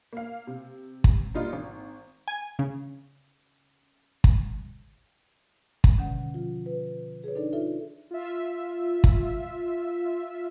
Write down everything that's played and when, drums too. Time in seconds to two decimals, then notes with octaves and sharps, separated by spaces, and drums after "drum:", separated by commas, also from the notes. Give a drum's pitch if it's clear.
0.13 A#3 F5
0.47 C3
1.04 drum: kick
1.34 A#2 G3 D#4 F4
1.53 G#1
2.28 G#5
2.59 C#3
4.24 drum: kick
5.84 drum: kick
5.98 B2 D3 D#3 C#4 F#5
6.34 F3 F4
6.66 B4
7.24 G#4 B4 C#5
7.35 D4 D#4 A4 D5
7.53 D#4 F4 A4 E5
8.11 F4 E5
9.04 drum: kick